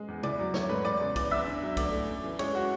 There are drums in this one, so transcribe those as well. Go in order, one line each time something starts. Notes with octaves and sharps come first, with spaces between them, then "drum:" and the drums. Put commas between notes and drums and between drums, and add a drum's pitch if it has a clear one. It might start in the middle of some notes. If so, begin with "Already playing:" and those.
Already playing: G#3
E2
E4 D5 D6, drum: tom
F#3
A3 C#5 C#6, drum: snare
G#2 B4 B5
E2 D5 D6
C#3
E3 D5 D6, drum: kick, cymbal
E2 E5 E6
D4
F#3
A3 D5 D6, drum: kick, cymbal
A2
F#2
E3
G#3 C#5 C#6, drum: cymbal
F#4 F#5